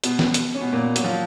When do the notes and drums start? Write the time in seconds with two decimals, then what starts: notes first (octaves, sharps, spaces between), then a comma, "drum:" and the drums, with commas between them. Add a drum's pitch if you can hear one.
0.04 B2 B3, drum: hi-hat
0.19 drum: snare
0.34 drum: hi-hat
0.55 C#4
0.61 B2 B3
0.73 A#2 A#3
0.96 F#3, drum: hi-hat
1.04 F3